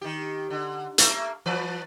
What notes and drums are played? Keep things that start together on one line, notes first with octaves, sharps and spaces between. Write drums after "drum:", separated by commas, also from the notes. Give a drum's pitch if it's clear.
D#3 G4
D3
A3 A#3, drum: hi-hat
E3 F3 B4